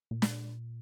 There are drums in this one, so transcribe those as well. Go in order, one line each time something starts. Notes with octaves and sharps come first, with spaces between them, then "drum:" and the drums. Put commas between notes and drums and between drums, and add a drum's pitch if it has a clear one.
A#2
drum: snare